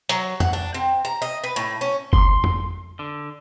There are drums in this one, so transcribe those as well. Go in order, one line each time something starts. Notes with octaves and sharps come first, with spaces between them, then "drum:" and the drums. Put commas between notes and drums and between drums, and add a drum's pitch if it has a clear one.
F#3, drum: hi-hat
F#5, drum: tom F2
D4
C4
A#5
D#5
B4
A2
C#4
C6, drum: kick F#1
drum: tom F2
D3